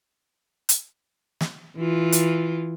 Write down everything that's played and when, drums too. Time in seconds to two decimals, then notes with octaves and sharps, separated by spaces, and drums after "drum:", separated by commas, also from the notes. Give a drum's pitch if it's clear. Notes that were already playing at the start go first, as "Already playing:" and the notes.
0.69 drum: hi-hat
1.41 drum: snare
1.76 E3 F4
2.12 drum: hi-hat